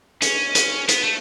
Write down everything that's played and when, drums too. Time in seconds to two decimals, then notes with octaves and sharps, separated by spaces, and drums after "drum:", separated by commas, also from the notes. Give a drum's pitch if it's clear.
0.22 C#4, drum: hi-hat
0.55 drum: hi-hat
0.89 B3, drum: hi-hat
1.02 A3